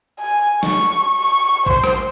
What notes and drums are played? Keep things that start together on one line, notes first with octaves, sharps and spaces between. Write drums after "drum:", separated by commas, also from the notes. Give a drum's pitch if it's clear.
G#5
C#6, drum: snare
C#6
C5, drum: kick
drum: rim click